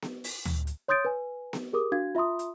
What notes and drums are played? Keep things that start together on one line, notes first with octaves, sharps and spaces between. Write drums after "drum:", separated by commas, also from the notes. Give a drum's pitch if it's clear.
drum: snare B3
drum: open hi-hat
drum: tom D2
drum: hi-hat
C#5 C6 D#6 G6 A6 D7
B4 G#5
drum: snare B3
G4 G#4 A#4 D6 D#6
D4 F#4 F5 G#6
F4 E5 A#5 C6 D#6
drum: hi-hat